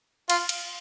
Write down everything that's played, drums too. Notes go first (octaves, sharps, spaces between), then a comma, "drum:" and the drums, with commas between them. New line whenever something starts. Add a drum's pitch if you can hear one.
F4, drum: cymbal
drum: cymbal